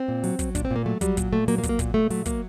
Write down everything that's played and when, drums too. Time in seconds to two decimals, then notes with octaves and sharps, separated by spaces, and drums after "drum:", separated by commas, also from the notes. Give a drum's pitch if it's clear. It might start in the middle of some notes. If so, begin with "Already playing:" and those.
Already playing: C4
0.08 A#2
0.24 F#3, drum: open hi-hat
0.39 F#3, drum: kick, hi-hat
0.55 A#2 D4, drum: kick, hi-hat
0.65 C4
0.71 A#2
0.76 A#3
0.86 F#3 A3
1.01 F#3 G3, drum: kick, hi-hat
1.17 A#2, drum: kick, hi-hat
1.32 A#2 A3
1.48 F#3 A#3, drum: open hi-hat
1.58 A#3
1.63 F#3, drum: kick, hi-hat
1.69 A#3
1.79 A#2, drum: kick, hi-hat
1.94 A#2 A3
2.10 F#3 A3, drum: open hi-hat
2.26 F#3 A#3, drum: kick, hi-hat